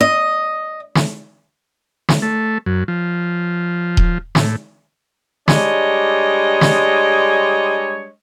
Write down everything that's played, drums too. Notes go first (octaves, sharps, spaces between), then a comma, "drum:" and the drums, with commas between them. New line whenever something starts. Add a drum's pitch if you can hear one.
D#5
drum: snare
drum: snare
A3
F#2
F3
drum: kick D#1
A2, drum: snare
G3 G#3 D4 C#5 D#5, drum: snare
drum: snare